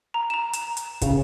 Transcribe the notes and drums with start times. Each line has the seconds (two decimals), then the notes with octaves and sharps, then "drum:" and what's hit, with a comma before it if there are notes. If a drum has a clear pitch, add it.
0.14 A#5
0.30 A#5 E7
0.53 drum: hi-hat
0.77 drum: hi-hat
1.01 C#3, drum: kick, hi-hat